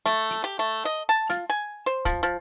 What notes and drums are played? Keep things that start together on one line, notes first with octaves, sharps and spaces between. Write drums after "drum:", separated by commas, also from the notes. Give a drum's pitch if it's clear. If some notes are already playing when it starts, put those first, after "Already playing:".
A3, drum: hi-hat
drum: hi-hat
G4
A3
D#5
A5
F4, drum: hi-hat
G#5
C5
F3, drum: kick, hi-hat
F3